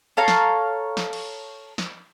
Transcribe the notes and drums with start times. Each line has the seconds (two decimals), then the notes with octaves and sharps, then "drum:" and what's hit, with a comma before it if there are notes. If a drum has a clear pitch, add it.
0.17 A4 C#5 F5 A#5
0.28 drum: snare
0.97 drum: snare
1.13 drum: cymbal
1.78 drum: snare